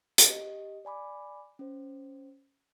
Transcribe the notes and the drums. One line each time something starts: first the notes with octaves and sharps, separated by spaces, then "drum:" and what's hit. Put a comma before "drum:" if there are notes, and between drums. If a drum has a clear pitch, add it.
drum: hi-hat
G4 D#5
D5 G#5 B5 D6
C#4 C5